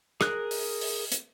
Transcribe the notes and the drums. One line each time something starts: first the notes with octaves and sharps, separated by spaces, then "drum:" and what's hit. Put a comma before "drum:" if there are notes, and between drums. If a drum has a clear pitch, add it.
G#4 A#4 F#6, drum: rim click
drum: open hi-hat
drum: open hi-hat
drum: hi-hat